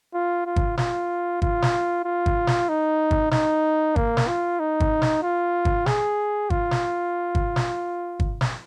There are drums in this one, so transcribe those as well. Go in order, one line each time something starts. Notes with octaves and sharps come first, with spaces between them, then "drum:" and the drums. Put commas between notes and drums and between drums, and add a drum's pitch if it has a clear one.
F4
F4
drum: kick
F4, drum: snare
F4, drum: kick
drum: snare
F4
drum: kick
drum: snare
D#4
drum: kick
D#4, drum: snare
A#3, drum: kick
drum: snare
F4
D#4
drum: kick
drum: snare
F4
drum: kick
G#4, drum: snare
F4, drum: kick
drum: snare
drum: kick
drum: snare
drum: kick
drum: snare